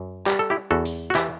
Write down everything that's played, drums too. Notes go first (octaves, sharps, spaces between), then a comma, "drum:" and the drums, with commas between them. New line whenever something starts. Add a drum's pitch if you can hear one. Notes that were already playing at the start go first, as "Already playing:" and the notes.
Already playing: F#2
G3 G4, drum: clap
A4
E4 G4
E2 F#4 A4
drum: hi-hat
F#4
E3 E4 G4, drum: clap